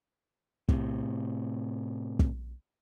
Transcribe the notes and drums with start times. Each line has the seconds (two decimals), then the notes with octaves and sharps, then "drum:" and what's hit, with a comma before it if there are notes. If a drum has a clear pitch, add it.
0.69 A2 C3, drum: kick
2.19 drum: kick